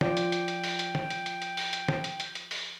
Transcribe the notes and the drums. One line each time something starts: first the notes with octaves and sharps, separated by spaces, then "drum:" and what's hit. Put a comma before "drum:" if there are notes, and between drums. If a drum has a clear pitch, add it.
F3 F4 D5 G5, drum: snare
drum: hi-hat
drum: hi-hat
drum: hi-hat
drum: open hi-hat
drum: hi-hat
drum: snare
drum: hi-hat
drum: hi-hat
drum: hi-hat
drum: open hi-hat
drum: hi-hat
drum: snare
drum: hi-hat
drum: hi-hat
drum: hi-hat
drum: open hi-hat